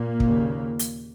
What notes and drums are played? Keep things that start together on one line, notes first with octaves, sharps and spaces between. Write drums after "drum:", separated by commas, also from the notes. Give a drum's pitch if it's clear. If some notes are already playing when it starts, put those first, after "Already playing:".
Already playing: A#2 A#3
D#2 C#3, drum: kick
drum: hi-hat